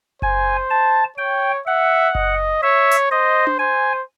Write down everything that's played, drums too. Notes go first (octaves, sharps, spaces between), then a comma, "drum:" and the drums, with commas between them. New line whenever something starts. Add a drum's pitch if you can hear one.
C5 G#5, drum: kick F#1
A5
C#5 G5
E5 F#5
D#5, drum: kick F#1
C#5 E5
drum: hi-hat
C5 D#5
drum: tom D4
C5 G#5